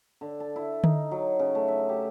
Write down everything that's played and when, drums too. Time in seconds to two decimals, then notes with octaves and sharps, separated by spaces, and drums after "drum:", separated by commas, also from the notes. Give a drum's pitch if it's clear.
0.21 D3
0.40 A5
0.56 E4
0.84 D#4, drum: tom D3
1.11 F#3
1.39 C#3
1.55 A3
1.68 E5
1.89 G4